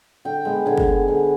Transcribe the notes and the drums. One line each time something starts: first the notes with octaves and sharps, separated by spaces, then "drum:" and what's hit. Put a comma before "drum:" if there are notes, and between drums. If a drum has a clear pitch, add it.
D3 G5
G#3 B3
D3 G#5
drum: kick
G#3 B3
D3